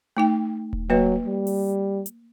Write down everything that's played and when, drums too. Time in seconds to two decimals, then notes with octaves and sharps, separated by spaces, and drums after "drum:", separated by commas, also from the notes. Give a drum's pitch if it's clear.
0.17 A3 D#4 G5
0.73 drum: kick D#1
0.90 F#3 A#3 B4 D#5
1.26 G3
1.47 drum: open hi-hat
2.06 drum: hi-hat